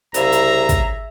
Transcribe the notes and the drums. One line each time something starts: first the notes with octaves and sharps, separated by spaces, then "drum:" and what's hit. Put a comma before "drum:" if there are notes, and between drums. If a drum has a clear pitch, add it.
C2 C#3 G#4 E5 A#5, drum: hi-hat
drum: hi-hat
drum: kick, hi-hat